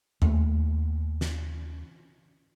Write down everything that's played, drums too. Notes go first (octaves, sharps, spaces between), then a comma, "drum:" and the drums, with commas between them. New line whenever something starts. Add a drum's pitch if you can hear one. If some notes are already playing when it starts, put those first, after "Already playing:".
D#2 A3, drum: tom E2
drum: snare